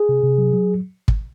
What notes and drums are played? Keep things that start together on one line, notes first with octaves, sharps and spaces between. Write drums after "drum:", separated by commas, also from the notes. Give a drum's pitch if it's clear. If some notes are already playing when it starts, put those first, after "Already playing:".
Already playing: G#4
C3
C3
F#3
F#3
drum: kick